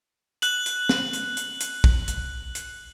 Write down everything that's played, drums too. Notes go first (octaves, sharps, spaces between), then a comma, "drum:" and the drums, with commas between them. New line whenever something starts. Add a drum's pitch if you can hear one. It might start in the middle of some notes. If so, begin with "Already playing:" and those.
F#6 F#7, drum: hi-hat
drum: hi-hat
drum: snare
drum: hi-hat
drum: hi-hat
drum: hi-hat
drum: kick
drum: hi-hat
drum: hi-hat